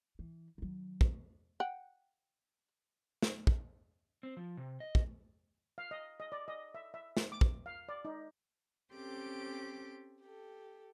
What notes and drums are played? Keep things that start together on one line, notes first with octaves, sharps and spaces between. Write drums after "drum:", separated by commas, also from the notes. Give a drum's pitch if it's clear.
E3
D#3 F#3
drum: kick
F#5 G5
drum: snare
drum: kick
C4
F3
C3
D#5
drum: kick
F5
D#5
D#5
D5
D#5
E5
E5
drum: snare
D6
drum: kick
F5
D5
D#4
C4 C#4 G4 A4 C6 D6
G4 A4